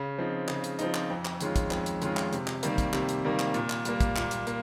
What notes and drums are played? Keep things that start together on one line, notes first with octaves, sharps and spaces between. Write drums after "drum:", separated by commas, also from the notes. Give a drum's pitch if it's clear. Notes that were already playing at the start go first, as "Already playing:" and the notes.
Already playing: C#3
F3 C4 D#4
C#3, drum: clap
drum: hi-hat
F3 C4 D#4, drum: hi-hat
drum: clap
F2
drum: clap
D#3 G#3 C#4 F4, drum: hi-hat
drum: kick, hi-hat
F2, drum: clap
drum: hi-hat
D#3 G#3 C#4 F4, drum: hi-hat
drum: clap
C3, drum: hi-hat
drum: clap
D#3 G3 A#3, drum: hi-hat
drum: kick, hi-hat
C3, drum: clap
drum: hi-hat
D#3 G3 A#3
drum: clap
A#2, drum: hi-hat
drum: clap
G3 A#3, drum: hi-hat
drum: kick, hi-hat
A#2, drum: clap
drum: hi-hat
A#3, drum: hi-hat